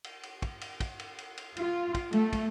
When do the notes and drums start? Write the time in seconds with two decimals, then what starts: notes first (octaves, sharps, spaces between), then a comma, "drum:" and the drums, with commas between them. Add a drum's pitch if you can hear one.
0.04 drum: cymbal
0.23 drum: cymbal
0.42 drum: kick, cymbal
0.61 drum: cymbal
0.80 drum: kick, cymbal
0.99 drum: cymbal
1.18 drum: cymbal
1.38 drum: cymbal
1.57 F4, drum: cymbal
1.95 drum: kick, cymbal
2.13 A3, drum: cymbal
2.33 drum: kick, cymbal